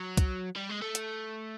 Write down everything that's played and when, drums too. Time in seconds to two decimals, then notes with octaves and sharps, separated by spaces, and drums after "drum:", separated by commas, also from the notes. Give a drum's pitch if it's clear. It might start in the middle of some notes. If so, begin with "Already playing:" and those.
Already playing: F#3
0.17 drum: kick, hi-hat
0.56 G3
0.70 G#3
0.82 A3
0.95 drum: hi-hat